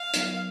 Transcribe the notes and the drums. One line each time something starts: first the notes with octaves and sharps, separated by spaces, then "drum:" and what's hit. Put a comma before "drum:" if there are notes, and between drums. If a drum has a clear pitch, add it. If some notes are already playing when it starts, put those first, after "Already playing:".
Already playing: F5
F#3 B3 D#4, drum: hi-hat